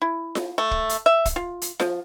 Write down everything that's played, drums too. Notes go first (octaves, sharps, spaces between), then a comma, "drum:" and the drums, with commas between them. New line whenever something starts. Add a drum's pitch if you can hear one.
E4
drum: snare F4
A3
drum: kick
drum: hi-hat
E5
drum: kick, hi-hat
F4
drum: hi-hat
F3, drum: snare F4